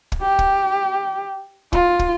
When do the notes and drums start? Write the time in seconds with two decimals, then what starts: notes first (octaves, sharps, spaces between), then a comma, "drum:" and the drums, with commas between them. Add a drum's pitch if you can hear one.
0.12 drum: kick
0.22 G4
0.39 drum: kick
1.73 F4, drum: kick
1.99 drum: kick